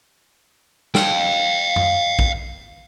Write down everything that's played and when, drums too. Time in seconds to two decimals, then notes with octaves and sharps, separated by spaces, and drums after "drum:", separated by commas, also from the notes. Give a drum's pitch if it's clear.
0.95 F5 G5, drum: snare
1.76 drum: tom F#2
2.19 drum: kick A#1